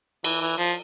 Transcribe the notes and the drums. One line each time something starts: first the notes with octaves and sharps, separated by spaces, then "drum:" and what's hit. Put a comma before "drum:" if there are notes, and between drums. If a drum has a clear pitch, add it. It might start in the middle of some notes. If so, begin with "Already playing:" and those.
E3, drum: cymbal
E3
F3